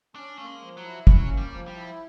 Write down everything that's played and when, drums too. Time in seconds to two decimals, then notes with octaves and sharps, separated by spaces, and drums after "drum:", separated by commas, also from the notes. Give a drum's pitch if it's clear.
0.15 C#4 D4
0.37 A3 A#3
0.46 G#3
0.61 F3
0.77 F#3
0.84 E4
1.07 F#3 C#4, drum: kick
1.30 A#3
1.37 G3
1.53 F3
1.67 G3
1.76 E4